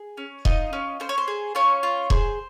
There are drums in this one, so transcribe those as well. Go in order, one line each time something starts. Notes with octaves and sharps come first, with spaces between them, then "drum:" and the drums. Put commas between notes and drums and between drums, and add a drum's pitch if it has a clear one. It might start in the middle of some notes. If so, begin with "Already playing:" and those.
Already playing: G#4
C#4
D#4 F4 D#5, drum: kick E1
C#4
C#4 C5
C#5
C5
G#4
C#4 F4 C#5
F4
G#4 C5, drum: kick E1